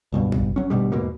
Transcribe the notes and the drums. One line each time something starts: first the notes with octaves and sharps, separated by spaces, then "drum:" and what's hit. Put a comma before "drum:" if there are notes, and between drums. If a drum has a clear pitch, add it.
C#2 G2 B2
drum: kick
F#3 C#4
G#1 D2 B2 G3
E2 G#2 B2 A#3